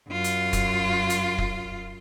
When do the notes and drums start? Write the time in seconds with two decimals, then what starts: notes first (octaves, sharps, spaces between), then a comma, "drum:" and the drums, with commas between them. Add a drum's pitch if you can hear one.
0.10 F#2 F4
0.24 drum: hi-hat
0.53 drum: kick, hi-hat
1.10 drum: hi-hat
1.38 drum: kick